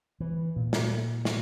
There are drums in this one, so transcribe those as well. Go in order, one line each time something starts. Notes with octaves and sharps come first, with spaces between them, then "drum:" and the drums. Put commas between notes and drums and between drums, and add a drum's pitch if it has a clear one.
E3
A#2
drum: snare
drum: snare